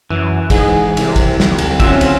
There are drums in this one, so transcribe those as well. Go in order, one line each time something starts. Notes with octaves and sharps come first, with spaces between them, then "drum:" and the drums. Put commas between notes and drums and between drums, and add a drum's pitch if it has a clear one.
F#2 E3
G#2 G#4, drum: kick, cymbal
C2 C3, drum: cymbal
drum: kick, cymbal
D2, drum: snare
drum: cymbal
F#3 C4 C#4 F4 E5, drum: kick, cymbal
drum: cymbal